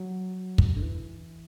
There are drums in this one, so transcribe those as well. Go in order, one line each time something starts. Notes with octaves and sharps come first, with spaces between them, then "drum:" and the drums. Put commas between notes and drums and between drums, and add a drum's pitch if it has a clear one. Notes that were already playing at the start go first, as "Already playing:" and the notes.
Already playing: F#3
drum: kick
D3
E3